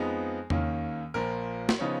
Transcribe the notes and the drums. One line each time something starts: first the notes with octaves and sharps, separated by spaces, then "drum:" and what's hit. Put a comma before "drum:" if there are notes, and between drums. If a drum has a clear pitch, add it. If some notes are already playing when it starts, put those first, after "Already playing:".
Already playing: F2 F3 G#3 B3 D#4 G#4
D#2 D#3 A#3 C#4, drum: tom E2
A#1 A#2 F3 A#4
drum: snare
C#3 F3 B3 D#4 C#5